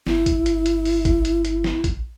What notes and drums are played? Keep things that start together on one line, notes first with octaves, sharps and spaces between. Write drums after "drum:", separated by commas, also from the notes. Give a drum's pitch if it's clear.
G1 E4, drum: snare
drum: kick, hi-hat
drum: hi-hat
drum: hi-hat
drum: open hi-hat
drum: kick, hi-hat
drum: hi-hat
drum: hi-hat
drum: snare
drum: kick, hi-hat